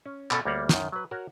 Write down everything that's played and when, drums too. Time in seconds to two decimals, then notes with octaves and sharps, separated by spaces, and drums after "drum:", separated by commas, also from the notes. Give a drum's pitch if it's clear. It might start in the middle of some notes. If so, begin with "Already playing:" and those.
0.06 C#4
0.31 B2 C#4 A4, drum: clap
0.45 D2 G3 A#3 C#5 F#5
0.69 F#2 D#3, drum: snare
0.92 F#3 B4
1.11 F#4 A#4 C#5 F#5